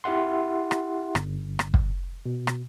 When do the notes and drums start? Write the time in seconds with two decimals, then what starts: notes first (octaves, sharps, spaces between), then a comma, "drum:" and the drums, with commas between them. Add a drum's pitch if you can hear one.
0.04 E4 G4 E5 F#5 C6
0.71 drum: rim click
1.15 G1, drum: rim click
1.59 drum: rim click
1.74 drum: kick
2.26 B2
2.47 drum: rim click